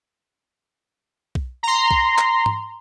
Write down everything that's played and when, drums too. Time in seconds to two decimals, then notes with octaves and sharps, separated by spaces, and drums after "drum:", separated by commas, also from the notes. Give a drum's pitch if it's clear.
1.35 drum: kick B1
1.63 A#5 C6
1.91 drum: kick B1
2.18 drum: clap
2.46 drum: tom G#2